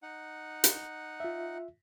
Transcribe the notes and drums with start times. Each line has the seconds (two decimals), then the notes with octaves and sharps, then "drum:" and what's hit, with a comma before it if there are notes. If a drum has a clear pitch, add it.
0.02 D#4 F#5
0.64 drum: hi-hat
1.20 F4 E5